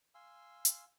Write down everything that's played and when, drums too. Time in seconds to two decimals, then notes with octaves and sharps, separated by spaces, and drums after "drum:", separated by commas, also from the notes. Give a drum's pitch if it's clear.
0.15 F5 G#5 C6 E6
0.65 drum: hi-hat